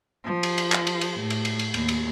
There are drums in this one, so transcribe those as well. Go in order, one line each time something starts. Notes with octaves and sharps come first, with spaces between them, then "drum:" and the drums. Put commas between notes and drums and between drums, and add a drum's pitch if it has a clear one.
F3
drum: cymbal
drum: cymbal
drum: clap
drum: cymbal
drum: cymbal
A2
drum: cymbal
drum: cymbal
drum: cymbal
D#2, drum: cymbal
drum: cymbal